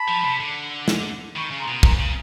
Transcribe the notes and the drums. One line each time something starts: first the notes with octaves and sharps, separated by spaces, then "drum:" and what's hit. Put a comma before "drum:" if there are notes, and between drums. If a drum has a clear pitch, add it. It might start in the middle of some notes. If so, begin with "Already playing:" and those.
Already playing: A5 B5
F3
C3
D3
drum: snare
D#3 B5 C#6
C#3
A#5 C6
B2
C#3 A#5 C6, drum: kick
C#3